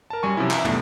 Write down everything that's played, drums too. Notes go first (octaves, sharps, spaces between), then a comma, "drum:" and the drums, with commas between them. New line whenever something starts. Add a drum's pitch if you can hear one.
A#4 A5
F#2 G3 G#5 C#6
C3 F3 F#3 C#4 E4
E5 A#5, drum: clap
E2 G2 A3 B3 D4, drum: tom